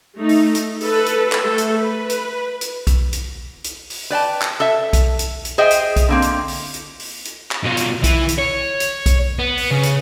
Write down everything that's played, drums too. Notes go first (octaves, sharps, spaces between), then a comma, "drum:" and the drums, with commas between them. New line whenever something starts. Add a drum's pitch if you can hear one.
A3 D#4
drum: open hi-hat
drum: hi-hat
A4 B4, drum: open hi-hat
drum: hi-hat
drum: clap
A3 A4
drum: hi-hat
B4
drum: hi-hat
drum: hi-hat
drum: kick B1, hi-hat
drum: hi-hat
drum: hi-hat
drum: open hi-hat
B4 D5 G5 A5
drum: clap
A4 E5
drum: kick B1, hi-hat
drum: hi-hat
drum: hi-hat
G#4 C5 D#5 E5 G5
drum: hi-hat
drum: kick B1, hi-hat
D3 A#3 C4
drum: hi-hat
drum: open hi-hat
drum: hi-hat
drum: open hi-hat
drum: hi-hat
drum: clap
B2 F4
drum: hi-hat
E3, drum: kick B1, hi-hat
drum: hi-hat
C#5
drum: hi-hat
drum: kick B1, hi-hat
B3
drum: open hi-hat
C#3
drum: hi-hat